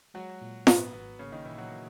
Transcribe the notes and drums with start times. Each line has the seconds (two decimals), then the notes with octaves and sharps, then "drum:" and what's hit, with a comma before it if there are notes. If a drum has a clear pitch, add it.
0.14 F#3 G#3 F#4
0.41 A#2
0.67 G#2 B3, drum: snare F4
0.93 G#1 B3
1.19 C#3 A#3 C#4
1.32 D#3 D#4
1.45 A#2 E3 E4
1.58 F#3 F#4
1.71 A#3